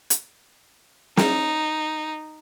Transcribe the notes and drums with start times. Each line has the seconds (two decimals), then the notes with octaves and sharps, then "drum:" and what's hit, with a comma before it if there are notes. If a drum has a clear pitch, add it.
0.10 drum: hi-hat
1.17 D#4, drum: snare